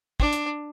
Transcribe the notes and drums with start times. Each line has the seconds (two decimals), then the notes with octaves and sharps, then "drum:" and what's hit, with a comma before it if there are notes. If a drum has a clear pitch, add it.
0.20 D4, drum: kick
0.33 drum: hi-hat